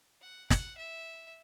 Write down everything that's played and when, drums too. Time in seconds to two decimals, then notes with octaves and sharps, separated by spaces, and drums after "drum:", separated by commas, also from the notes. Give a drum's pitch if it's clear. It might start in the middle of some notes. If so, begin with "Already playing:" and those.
0.22 F#5
0.50 F#5, drum: snare
0.78 E5